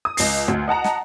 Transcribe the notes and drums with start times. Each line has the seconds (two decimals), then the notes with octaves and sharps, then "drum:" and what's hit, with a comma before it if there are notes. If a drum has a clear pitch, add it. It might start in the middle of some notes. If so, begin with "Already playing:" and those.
0.05 D#6
0.17 C#2 C7, drum: open hi-hat
0.48 D2
0.68 D#5 F#5 A5 A#5
0.84 drum: snare